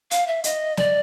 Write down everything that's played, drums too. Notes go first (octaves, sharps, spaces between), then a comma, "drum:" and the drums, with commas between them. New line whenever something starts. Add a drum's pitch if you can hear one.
F5, drum: hi-hat
E5
D#5, drum: hi-hat
D5, drum: snare